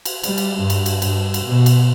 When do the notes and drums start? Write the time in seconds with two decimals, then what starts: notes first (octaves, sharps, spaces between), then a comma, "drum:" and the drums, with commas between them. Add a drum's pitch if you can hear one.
0.05 drum: cymbal
0.24 G3, drum: cymbal
0.38 drum: cymbal
0.60 G2
0.70 drum: cymbal
0.86 drum: cymbal
1.02 G2, drum: cymbal
1.34 drum: cymbal
1.44 B2
1.66 drum: cymbal